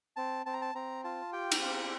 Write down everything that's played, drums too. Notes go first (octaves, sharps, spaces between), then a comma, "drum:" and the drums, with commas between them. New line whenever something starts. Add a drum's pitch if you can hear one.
C4 A5
C4 A5
A#5
A5
C4 A#5
F4 A5
G4 G5
drum: cymbal
C4 F5